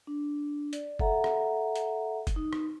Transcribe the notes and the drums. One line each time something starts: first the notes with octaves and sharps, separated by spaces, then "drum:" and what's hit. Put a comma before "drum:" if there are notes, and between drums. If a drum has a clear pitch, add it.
D4
D5, drum: hi-hat
A4 E5 F#5 A#5, drum: kick
drum: rim click
drum: hi-hat
drum: kick, hi-hat
D#4
drum: rim click